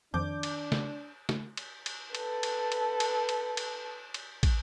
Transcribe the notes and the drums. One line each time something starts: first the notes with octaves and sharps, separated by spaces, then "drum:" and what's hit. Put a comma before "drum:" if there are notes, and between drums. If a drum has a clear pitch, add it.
F2 D#3 D4 D6 G6
drum: cymbal
drum: snare
drum: snare
drum: cymbal
drum: cymbal
A4 B4, drum: cymbal
drum: cymbal
drum: cymbal
drum: cymbal
drum: cymbal
drum: cymbal
drum: cymbal
drum: kick, cymbal